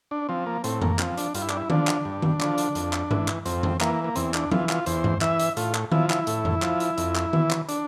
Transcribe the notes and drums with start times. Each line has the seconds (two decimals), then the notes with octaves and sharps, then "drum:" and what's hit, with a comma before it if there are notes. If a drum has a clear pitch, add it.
0.11 D4
0.29 F3 C4
0.46 A#3
0.64 A2 C4, drum: hi-hat
0.82 A#3, drum: tom F2
0.99 F3 C4, drum: clap
1.17 D4, drum: hi-hat
1.34 G2 F4, drum: hi-hat
1.42 E4
1.49 D4, drum: clap
1.57 E4
1.70 D3 F3 D4, drum: tom D#3
1.87 drum: clap
2.05 G2
2.22 drum: tom D#3
2.41 D3 F3, drum: clap
2.58 drum: hi-hat
2.75 F2, drum: hi-hat
2.93 drum: clap
3.11 E3, drum: tom G2
3.28 drum: clap
3.45 F2 C4, drum: hi-hat
3.63 drum: tom F2
3.81 E3 A#3, drum: clap
4.04 A#3
4.16 E2 C4, drum: hi-hat
4.34 D4, drum: clap
4.51 E3 F4, drum: tom F3
4.69 F4, drum: clap
4.86 E2 C5, drum: hi-hat
5.04 drum: tom G2
5.21 E3 E5, drum: clap
5.39 drum: hi-hat
5.57 A2 F4, drum: hi-hat
5.75 drum: clap
5.92 F3 E4, drum: tom D#3
6.10 E4, drum: clap
6.27 A2, drum: hi-hat
6.45 drum: tom F2
6.62 F3, drum: clap
6.80 drum: hi-hat
6.98 F2, drum: hi-hat
7.15 drum: clap
7.33 E3, drum: tom D#3
7.51 drum: clap
7.69 D4, drum: hi-hat